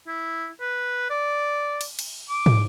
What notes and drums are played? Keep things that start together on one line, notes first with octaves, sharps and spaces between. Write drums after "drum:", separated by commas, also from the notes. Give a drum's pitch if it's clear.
E4
B4
D5
drum: cymbal
drum: cymbal
D6
drum: tom